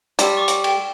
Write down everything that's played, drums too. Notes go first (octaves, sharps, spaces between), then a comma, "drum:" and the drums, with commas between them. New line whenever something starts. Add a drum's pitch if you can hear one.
G3 A5 C6 E6, drum: hi-hat
D5 C#6 D6
drum: hi-hat
G5, drum: cymbal